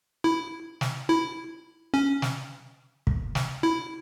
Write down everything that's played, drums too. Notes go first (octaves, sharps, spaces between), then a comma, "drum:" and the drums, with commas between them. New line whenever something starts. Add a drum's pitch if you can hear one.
E4
drum: snare
E4
C#4
drum: snare
drum: kick
drum: snare
E4